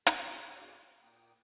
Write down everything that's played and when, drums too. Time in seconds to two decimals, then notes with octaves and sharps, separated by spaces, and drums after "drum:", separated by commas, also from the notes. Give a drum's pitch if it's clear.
0.06 F2 B2 F#4 G#4 D5 D6, drum: hi-hat
1.03 A#2 A#3 G5 D#6